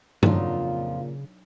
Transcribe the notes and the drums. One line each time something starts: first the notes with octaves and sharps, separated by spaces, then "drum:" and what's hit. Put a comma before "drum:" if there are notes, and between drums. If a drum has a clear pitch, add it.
F2 A#2 C#3 F3 F#3 D4 D#4 F4, drum: tom G2